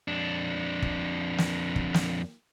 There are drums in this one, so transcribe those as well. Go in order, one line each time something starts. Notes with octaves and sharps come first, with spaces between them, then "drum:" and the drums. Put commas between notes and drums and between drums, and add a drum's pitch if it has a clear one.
F2 D4
drum: kick
drum: snare
drum: kick
drum: snare